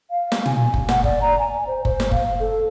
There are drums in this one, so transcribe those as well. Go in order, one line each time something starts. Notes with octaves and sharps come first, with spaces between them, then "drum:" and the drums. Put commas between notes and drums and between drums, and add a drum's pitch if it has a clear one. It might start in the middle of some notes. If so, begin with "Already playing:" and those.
F5
drum: snare
G#5, drum: tom
drum: kick F#1
F#5, drum: snare
D5, drum: kick F#1
A#5
G#5
C5
C5, drum: kick F#1
drum: snare
F5, drum: kick F#1
A4